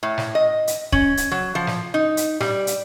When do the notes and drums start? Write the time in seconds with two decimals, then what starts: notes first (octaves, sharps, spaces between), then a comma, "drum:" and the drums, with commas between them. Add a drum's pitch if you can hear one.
0.03 A2
0.18 drum: snare
0.35 D#5
0.67 drum: hi-hat
0.92 C#4, drum: kick C#1
1.17 drum: hi-hat
1.31 F#3
1.55 F3
1.67 drum: snare
1.94 D#4
2.17 drum: hi-hat
2.40 G3, drum: snare
2.67 drum: hi-hat